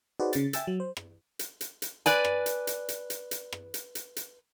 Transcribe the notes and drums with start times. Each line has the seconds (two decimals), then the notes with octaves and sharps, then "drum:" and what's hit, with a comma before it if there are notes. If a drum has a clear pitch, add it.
0.20 D#4 F#4 G#4 B4 C5 D5
0.33 C#3 A6, drum: hi-hat
0.53 E5 G5 G#5 E6 A6, drum: hi-hat
0.67 F#3
0.80 C5
0.97 drum: rim click
1.39 drum: hi-hat
1.61 drum: hi-hat
1.82 drum: hi-hat
2.06 B4 D5 G#5, drum: hi-hat
2.25 drum: rim click
2.46 drum: hi-hat
2.67 drum: hi-hat
2.89 drum: hi-hat
3.10 drum: hi-hat
3.31 drum: hi-hat
3.52 drum: rim click
3.74 drum: hi-hat
3.95 drum: hi-hat
4.16 drum: hi-hat